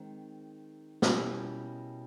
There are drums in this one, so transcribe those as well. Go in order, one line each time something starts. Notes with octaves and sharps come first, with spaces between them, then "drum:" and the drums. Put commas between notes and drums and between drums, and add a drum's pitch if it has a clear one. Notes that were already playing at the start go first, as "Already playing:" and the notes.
Already playing: D#3 G#3 C4
B2 G3 A#3 C#4 E4, drum: snare